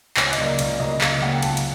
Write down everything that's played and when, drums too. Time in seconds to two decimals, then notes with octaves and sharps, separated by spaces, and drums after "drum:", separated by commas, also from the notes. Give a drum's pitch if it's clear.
0.17 C#2 C#5, drum: clap
0.33 D#5, drum: cymbal
0.38 C#3 F#3 A#3 D5
0.59 C#2 D5, drum: cymbal
0.80 C#3 F#3 A#3 D#5
1.01 C#2 F5, drum: clap
1.12 F5
1.22 C#3 F#3 A#3 F#5
1.33 G5
1.43 C#2 A5, drum: cymbal
1.57 drum: cymbal